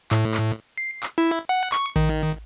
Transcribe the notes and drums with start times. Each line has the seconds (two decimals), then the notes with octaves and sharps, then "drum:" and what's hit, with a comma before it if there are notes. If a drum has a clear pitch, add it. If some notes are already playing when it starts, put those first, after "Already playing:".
0.11 A2, drum: clap
0.34 drum: clap
0.78 C7
1.03 drum: clap
1.18 E4
1.49 F#5
1.72 C#6, drum: clap
1.96 D#3, drum: kick A1